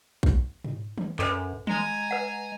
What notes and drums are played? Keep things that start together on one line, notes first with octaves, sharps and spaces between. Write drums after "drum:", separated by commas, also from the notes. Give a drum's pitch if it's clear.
drum: kick A#1
drum: tom G#2
drum: tom D#3
F#2 A4 B4 C5, drum: clap
G#3 G#5 A#5, drum: tom D#3
B4 F#5